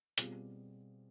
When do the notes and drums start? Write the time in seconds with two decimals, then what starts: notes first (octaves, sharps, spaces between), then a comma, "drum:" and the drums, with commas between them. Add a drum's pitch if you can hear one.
0.18 B2 G3 C4 F4 G#4, drum: hi-hat